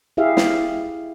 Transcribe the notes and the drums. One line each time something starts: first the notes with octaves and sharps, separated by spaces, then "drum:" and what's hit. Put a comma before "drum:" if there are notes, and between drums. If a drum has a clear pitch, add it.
E4 G4 G#4 E5 F5
drum: snare